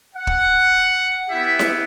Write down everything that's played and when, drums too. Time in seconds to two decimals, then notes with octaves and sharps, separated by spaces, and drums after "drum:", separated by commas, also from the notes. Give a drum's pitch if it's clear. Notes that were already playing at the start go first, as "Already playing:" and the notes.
0.16 F#5
0.27 drum: kick
1.29 B3 E4 G4 E5
1.59 drum: snare E4